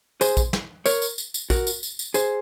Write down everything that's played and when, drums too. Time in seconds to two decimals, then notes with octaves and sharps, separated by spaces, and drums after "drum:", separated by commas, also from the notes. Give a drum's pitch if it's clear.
0.21 G#4 C5, drum: tambourine
0.37 drum: kick, tambourine
0.53 drum: snare
0.86 A#4 C#5, drum: tambourine
1.02 drum: tambourine
1.18 drum: tambourine
1.34 drum: tambourine
1.50 F#4 A#4, drum: kick, tambourine
1.67 drum: tambourine
1.83 drum: tambourine
1.99 drum: tambourine
2.14 G#4 C5, drum: tambourine